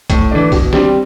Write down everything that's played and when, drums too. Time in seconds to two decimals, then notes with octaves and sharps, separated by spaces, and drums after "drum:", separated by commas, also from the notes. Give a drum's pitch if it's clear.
0.10 A2, drum: kick, hi-hat
0.31 E3 A3 D4
0.52 B2, drum: kick, open hi-hat
0.73 G3 C4 G4, drum: snare